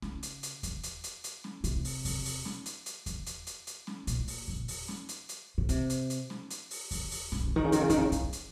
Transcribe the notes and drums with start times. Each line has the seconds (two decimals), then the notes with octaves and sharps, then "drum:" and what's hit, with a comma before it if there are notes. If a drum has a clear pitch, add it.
0.02 C#3, drum: snare C#4
0.23 drum: hi-hat
0.43 drum: hi-hat
0.63 drum: kick E2, hi-hat
0.83 drum: hi-hat
1.04 drum: hi-hat
1.24 drum: hi-hat
1.44 drum: snare C#4
1.64 C3, drum: hi-hat
1.85 drum: open hi-hat
2.05 drum: kick E2, open hi-hat
2.25 drum: open hi-hat
2.45 drum: snare C#4
2.66 drum: hi-hat
2.86 drum: hi-hat
3.06 drum: kick E2, hi-hat
3.26 drum: hi-hat
3.47 drum: hi-hat
3.67 drum: hi-hat
3.87 drum: snare C#4
4.07 A#2, drum: hi-hat
4.28 drum: open hi-hat
4.48 drum: kick E2
4.68 drum: open hi-hat
4.88 drum: snare C#4
5.09 drum: hi-hat
5.29 drum: hi-hat
5.58 C#3
5.69 C3, drum: hi-hat
5.90 drum: hi-hat
6.10 drum: hi-hat
6.30 drum: snare C#4
6.50 drum: hi-hat
6.71 drum: open hi-hat
6.91 drum: kick E2, open hi-hat
7.11 drum: open hi-hat
7.32 C#3, drum: snare C#4
7.40 D#3
7.47 C#3
7.56 D#3
7.65 C#3
7.72 D#3, drum: hi-hat
7.81 C#3
7.90 D#3, drum: kick E2, hi-hat
7.98 C#3
8.12 D#3, drum: hi-hat
8.33 drum: hi-hat